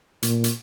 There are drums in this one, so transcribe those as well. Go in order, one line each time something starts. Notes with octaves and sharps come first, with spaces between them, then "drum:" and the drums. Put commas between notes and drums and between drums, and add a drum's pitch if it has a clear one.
A#2, drum: hi-hat
drum: hi-hat